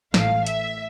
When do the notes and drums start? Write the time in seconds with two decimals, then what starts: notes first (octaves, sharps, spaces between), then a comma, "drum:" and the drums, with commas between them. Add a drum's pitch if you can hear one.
0.14 A1 A2 E3 A3 F5, drum: snare
0.46 E5, drum: hi-hat